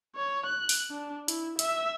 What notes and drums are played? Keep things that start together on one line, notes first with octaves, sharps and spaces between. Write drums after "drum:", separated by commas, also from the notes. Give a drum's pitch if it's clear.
C#5
F#6
drum: open hi-hat
D4
E4, drum: hi-hat
E5, drum: hi-hat